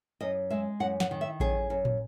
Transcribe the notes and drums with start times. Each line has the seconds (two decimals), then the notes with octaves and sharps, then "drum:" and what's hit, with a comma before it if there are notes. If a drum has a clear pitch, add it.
0.21 F#2 D#5
0.50 G#3 E5
0.80 F#2 F#5
1.00 F#5, drum: snare
1.11 D#3
1.21 E5
1.40 F#2 G#4, drum: kick A1
1.70 F#2
1.85 drum: tom